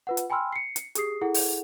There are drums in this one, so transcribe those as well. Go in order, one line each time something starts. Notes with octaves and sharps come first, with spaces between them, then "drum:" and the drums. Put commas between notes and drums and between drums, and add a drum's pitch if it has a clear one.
F4 B4 F#5
drum: hi-hat
G5 G#5 B5 C6 E6 F6
C7 C#7
drum: hi-hat
G4 G#4 D#6 C7, drum: hi-hat
E4 G#4 A4 F#5
drum: open hi-hat